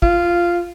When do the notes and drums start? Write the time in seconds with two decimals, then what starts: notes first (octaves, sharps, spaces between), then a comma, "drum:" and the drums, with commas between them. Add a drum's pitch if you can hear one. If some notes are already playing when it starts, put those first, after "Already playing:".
0.02 F4, drum: kick